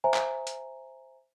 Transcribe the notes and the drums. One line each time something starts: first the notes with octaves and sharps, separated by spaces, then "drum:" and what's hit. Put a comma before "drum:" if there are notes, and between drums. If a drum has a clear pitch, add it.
C5 E5 G#5 A#5
drum: clap
drum: hi-hat